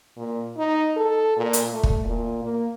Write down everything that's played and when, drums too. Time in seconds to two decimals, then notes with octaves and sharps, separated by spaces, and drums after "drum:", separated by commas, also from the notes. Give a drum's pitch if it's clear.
0.17 A#2
0.57 D#4
0.97 A4
1.37 A#2
1.53 drum: hi-hat
1.73 A3
1.83 drum: kick
2.05 A#2
2.44 A#3